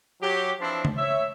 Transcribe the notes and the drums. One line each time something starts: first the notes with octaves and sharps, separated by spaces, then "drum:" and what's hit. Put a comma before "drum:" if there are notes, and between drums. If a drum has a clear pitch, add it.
F#3 G4
E3 F3 C4 D4 E4
drum: tom C#3
C#5 E5